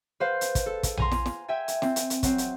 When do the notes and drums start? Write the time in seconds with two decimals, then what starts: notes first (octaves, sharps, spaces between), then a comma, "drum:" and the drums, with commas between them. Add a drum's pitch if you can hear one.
0.20 B4 C5 F5
0.41 drum: hi-hat
0.55 drum: kick, hi-hat
0.66 A4
0.83 drum: kick, hi-hat
0.97 G#5 A#5 C6, drum: tom A#1
1.11 drum: snare
1.26 drum: snare
1.48 E5 G5 G#5 G#6
1.68 drum: hi-hat
1.82 C4, drum: snare
1.96 drum: hi-hat
2.10 drum: hi-hat
2.23 F#3 C4, drum: kick, hi-hat
2.38 drum: hi-hat